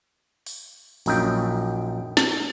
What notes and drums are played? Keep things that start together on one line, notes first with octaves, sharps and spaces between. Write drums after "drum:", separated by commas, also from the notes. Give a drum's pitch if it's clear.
drum: open hi-hat
A#1 F#2 D#4 G5, drum: open hi-hat
drum: snare